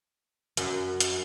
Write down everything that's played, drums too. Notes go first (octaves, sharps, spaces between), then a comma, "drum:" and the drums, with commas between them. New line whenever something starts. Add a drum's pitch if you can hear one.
F#2, drum: hi-hat
drum: hi-hat